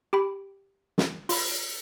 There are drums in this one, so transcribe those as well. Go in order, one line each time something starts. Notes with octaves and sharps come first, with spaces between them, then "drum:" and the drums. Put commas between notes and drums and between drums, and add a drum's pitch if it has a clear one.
G4 G5 B5
drum: snare
F4 B5, drum: open hi-hat